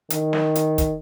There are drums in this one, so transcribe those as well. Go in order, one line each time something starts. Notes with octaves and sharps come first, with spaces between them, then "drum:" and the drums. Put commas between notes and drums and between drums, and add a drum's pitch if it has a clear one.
D#3, drum: hi-hat
drum: snare
drum: hi-hat
drum: kick, hi-hat